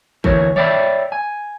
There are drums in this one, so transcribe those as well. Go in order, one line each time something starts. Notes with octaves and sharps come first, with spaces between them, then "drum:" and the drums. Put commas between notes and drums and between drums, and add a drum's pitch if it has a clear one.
D2 E3 A#4 C#5, drum: kick
C#5 D5 E5 G5 G#5 B5, drum: tom D#3
G#5